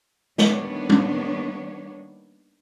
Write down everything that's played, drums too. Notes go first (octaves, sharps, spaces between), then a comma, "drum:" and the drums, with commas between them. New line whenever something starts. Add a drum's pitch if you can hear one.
D#3 G3 A#3 B3 D4 C#5, drum: snare
drum: tom